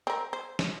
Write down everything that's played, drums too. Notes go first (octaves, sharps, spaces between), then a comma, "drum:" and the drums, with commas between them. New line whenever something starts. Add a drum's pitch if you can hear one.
C4 A#4
C5
drum: snare